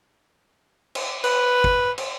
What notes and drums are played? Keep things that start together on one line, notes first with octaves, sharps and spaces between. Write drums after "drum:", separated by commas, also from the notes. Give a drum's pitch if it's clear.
drum: cymbal
B4, drum: cymbal
drum: kick
drum: cymbal